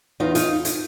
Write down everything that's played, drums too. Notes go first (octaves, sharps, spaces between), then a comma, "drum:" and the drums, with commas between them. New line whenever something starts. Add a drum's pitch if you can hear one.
E2 D#4 F4
D#4 F4, drum: hi-hat
drum: hi-hat